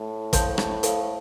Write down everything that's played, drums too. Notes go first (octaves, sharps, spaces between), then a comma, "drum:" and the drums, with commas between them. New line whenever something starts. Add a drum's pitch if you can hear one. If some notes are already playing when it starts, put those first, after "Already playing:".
Already playing: A2
C5 F5 A5 C6 G6, drum: kick, hi-hat
drum: rim click
A4 C5 F5, drum: hi-hat